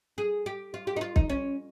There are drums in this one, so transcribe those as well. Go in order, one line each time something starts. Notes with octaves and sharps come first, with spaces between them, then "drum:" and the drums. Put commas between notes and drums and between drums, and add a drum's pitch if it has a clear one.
G#4
G4
F4
G4
D#4
F4
D#4, drum: kick
C#4